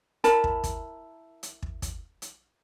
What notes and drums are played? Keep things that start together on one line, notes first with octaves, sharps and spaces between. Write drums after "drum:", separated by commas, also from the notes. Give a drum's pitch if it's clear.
E4 A#4 A5 B5, drum: hi-hat
drum: kick
drum: kick, hi-hat
drum: hi-hat
drum: kick
drum: kick, hi-hat
drum: hi-hat